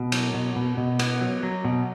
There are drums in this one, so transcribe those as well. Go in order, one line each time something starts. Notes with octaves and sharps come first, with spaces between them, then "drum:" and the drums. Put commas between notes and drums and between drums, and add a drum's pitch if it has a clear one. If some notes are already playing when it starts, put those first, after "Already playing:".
Already playing: B2
F#3, drum: cymbal
B2
B2
B2
B3, drum: cymbal
F#3
F#3
B2